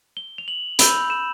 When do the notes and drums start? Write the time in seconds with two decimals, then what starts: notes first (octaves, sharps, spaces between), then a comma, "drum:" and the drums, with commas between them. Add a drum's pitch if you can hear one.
0.17 G7
0.38 F7
0.48 F#7
0.79 B5 E6 G6 F7, drum: hi-hat
1.10 E7